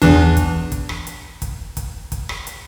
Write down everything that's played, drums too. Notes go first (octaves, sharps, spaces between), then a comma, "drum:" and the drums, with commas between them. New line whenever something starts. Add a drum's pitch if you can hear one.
E2 E3 D4, drum: kick, hi-hat
drum: kick, hi-hat
drum: kick, hi-hat
drum: rim click
drum: hi-hat
drum: kick, hi-hat
drum: kick, hi-hat
drum: kick, hi-hat
drum: rim click
drum: hi-hat